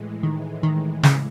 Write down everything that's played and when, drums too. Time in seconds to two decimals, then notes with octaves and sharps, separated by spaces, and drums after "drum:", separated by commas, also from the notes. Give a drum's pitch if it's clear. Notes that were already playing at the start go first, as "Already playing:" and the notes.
Already playing: A2 E3 G#3
0.23 D#3
0.63 D#3
1.03 C#3, drum: snare